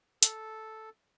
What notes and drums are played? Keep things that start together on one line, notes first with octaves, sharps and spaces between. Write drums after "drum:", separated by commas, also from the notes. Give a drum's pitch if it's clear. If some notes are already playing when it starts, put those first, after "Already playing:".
A4, drum: hi-hat